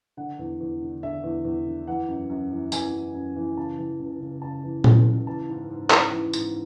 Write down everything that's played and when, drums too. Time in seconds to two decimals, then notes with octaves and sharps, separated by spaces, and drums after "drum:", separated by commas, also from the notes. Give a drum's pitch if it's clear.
0.17 D3 F#5
0.39 E2
0.60 E2
0.82 D3
1.03 D3 E5
1.23 E2
1.44 E2
1.66 D3
1.87 E3 F#5
2.08 F#2
2.29 F#2
2.51 E3
2.72 E3 G#5, drum: tambourine
2.93 F#2
3.15 F#2
3.36 E3
3.57 C#3 A5
3.78 E3
3.99 C#2
4.21 C#2
4.42 C#3 A5
4.63 E3
4.84 C#2, drum: tom A#2
5.06 C#2
5.27 E3 A5
5.49 G#2
5.70 G#2
5.90 E3, drum: clap
6.12 E3
6.33 G#2, drum: tambourine